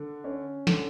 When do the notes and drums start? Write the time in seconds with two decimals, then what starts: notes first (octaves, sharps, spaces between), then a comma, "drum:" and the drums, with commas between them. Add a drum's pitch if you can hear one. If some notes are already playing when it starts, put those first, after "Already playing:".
Already playing: D3
0.24 C#4
0.67 D3, drum: snare